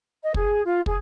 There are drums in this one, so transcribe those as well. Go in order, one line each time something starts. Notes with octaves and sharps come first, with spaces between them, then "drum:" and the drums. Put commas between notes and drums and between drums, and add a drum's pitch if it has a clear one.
D#5
G#4, drum: kick
F4
G#4, drum: kick